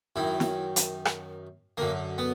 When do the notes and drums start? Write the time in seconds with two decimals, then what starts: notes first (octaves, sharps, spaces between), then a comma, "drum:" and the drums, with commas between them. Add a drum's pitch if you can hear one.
0.16 F#2 D#3 E4
0.40 drum: snare
0.76 drum: hi-hat
1.05 drum: rim click
1.77 F#2 D3 A#3
2.18 B3